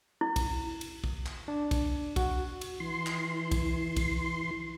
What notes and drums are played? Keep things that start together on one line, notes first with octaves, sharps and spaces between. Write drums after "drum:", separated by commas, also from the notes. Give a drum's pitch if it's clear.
E4
drum: kick A#1, cymbal
drum: cymbal
drum: kick A#1
drum: clap
D4
drum: kick A#1, cymbal
F#4, drum: kick A#1, cymbal
drum: cymbal
E3 C6
drum: clap
drum: kick A#1, cymbal
drum: kick A#1, cymbal